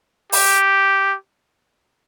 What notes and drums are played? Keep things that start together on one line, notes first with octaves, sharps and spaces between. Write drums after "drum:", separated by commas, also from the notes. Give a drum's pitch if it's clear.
G4, drum: open hi-hat